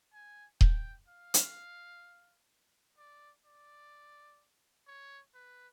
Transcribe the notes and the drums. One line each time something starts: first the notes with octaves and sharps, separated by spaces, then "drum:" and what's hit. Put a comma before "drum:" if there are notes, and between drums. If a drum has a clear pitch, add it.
G#5
G5, drum: kick D#1
F5
drum: hi-hat
D5
D5
C#5
B4